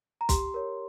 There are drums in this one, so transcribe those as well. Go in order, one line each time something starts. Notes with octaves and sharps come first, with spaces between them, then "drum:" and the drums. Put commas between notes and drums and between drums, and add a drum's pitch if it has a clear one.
A#5
G4 C6, drum: kick, hi-hat
A#4 C#5